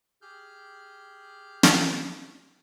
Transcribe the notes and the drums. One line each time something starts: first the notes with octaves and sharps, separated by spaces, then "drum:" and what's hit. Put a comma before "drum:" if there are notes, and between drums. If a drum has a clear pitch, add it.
G4 G#4 F6 G6
drum: snare